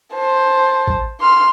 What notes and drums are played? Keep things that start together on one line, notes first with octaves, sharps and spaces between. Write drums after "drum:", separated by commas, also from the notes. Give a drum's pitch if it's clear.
C5 A5
drum: kick
C6 F6